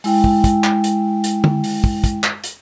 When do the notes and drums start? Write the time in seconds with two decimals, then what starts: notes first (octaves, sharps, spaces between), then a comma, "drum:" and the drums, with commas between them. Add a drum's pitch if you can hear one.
0.04 G#3 E4 G5, drum: open hi-hat
0.24 drum: kick
0.44 drum: kick, hi-hat
0.64 drum: clap
0.84 drum: hi-hat
1.24 drum: hi-hat
1.44 drum: tom
1.64 drum: open hi-hat
1.84 drum: kick
2.04 drum: kick, hi-hat
2.24 drum: clap
2.44 drum: hi-hat